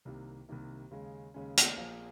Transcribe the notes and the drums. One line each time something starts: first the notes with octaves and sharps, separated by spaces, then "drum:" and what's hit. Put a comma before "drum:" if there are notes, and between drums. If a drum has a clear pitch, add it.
C2 C3 D#3 A#3
C2 C3 D#3 A#3
D#2 C#3 G#3 C#4
D#2 C#3 G#3 C#4
drum: hi-hat
A#1 A#2 F3 A#3